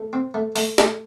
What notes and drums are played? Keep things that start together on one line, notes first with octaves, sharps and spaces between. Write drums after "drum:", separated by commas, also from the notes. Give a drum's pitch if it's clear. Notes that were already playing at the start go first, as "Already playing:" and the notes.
Already playing: A3
C4
A3
A3, drum: open hi-hat
A3, drum: snare